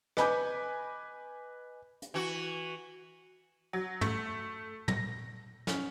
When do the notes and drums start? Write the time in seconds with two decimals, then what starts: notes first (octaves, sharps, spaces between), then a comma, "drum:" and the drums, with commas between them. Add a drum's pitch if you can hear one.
0.17 B4 D#5 G#5 B5 D6 G6, drum: rim click
2.02 drum: hi-hat
2.14 E3 F#4
3.73 F#3
4.01 A3, drum: tom
4.88 A#6, drum: tom
5.67 C#4, drum: snare